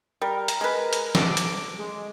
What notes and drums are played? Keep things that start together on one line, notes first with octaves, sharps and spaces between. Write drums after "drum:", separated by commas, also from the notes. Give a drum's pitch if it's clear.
G3 A#4
drum: hi-hat
G#3 B4
drum: hi-hat
A4 D6, drum: snare
drum: hi-hat
G#3